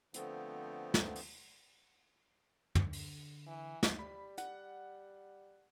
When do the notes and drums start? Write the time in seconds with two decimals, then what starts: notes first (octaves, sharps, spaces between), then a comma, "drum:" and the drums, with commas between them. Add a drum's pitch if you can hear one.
0.14 D3 F3 A3 B3 C4, drum: hi-hat
0.94 drum: snare
1.15 drum: open hi-hat
2.75 D3, drum: tom
2.93 drum: open hi-hat
3.47 E3
3.83 drum: snare
3.99 G3 B5
4.38 F#5, drum: hi-hat